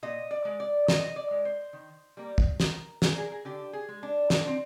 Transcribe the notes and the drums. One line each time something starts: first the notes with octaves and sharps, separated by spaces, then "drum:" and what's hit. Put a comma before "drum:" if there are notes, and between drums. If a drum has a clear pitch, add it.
A#2 D#5
D5
G#3
D5
A#2 D#5, drum: snare
D5
G#3
C5
D#3
G3 A#3
drum: kick
D#3 A#4, drum: snare
G3 A#3 G#4, drum: snare
A#4
G#4
A#4
G#4
D3 G4
G#4
G#3
D4
D3 D#4, drum: snare
D4
C4